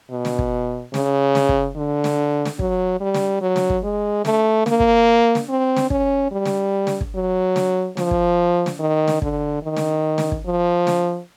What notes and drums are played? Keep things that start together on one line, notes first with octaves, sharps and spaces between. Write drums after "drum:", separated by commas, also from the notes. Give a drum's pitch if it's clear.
B2
drum: snare
drum: kick
C#3, drum: snare
drum: snare
drum: kick
D3
drum: snare
drum: snare
F#3, drum: kick
G3
drum: snare
F#3
drum: snare
drum: kick
G#3
A3, drum: snare
A#3, drum: snare
drum: kick
drum: snare
C4
drum: snare
C#4, drum: kick
G3
drum: snare
drum: snare
drum: kick
F#3
drum: snare
F3, drum: snare
drum: kick
drum: snare
D#3
drum: snare
D3, drum: kick
D#3
drum: snare
drum: snare
drum: kick
F3
drum: snare